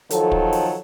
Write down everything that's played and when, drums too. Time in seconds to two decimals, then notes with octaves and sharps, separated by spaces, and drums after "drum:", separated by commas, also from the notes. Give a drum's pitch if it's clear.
0.10 D#3 F3 F#3 A4, drum: hi-hat
0.32 drum: kick
0.53 drum: open hi-hat